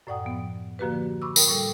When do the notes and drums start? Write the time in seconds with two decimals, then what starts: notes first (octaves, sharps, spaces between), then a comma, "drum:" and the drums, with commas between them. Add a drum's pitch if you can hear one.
0.07 F#2 A2 D5 F#5 G5 D#6
0.24 F3 B3
0.79 D3 F3 A#3 F#4 G4 B4
1.22 B5 C#6 D6 E6
1.36 A#4 G5 D#6, drum: tambourine
1.48 A2 G3 A4 G5